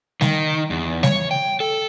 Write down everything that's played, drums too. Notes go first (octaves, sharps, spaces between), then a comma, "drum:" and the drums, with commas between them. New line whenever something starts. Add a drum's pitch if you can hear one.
D#3, drum: snare G3
E2
C#5, drum: snare G3
G5
A4